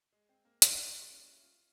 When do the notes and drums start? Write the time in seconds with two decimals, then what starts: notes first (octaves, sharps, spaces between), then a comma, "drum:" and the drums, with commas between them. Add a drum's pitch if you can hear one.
0.12 G#3
0.29 C4
0.45 A#3
0.62 G#3, drum: hi-hat
0.78 G#3
0.94 G3
1.10 C#4
1.26 E4
1.42 F4